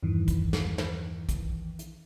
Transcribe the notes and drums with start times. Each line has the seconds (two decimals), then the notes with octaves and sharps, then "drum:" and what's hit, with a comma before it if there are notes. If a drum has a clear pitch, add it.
0.03 E2 G2 D#3 E3
0.28 drum: kick, hi-hat
0.53 drum: snare
0.78 drum: snare
1.29 drum: kick, hi-hat
1.79 drum: hi-hat